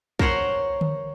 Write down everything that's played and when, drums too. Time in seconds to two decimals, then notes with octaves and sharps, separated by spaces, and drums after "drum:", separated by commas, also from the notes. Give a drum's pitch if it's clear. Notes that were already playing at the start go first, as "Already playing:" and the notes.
0.19 A#4 C5 C#5 F#5 C6, drum: kick
0.81 drum: tom D3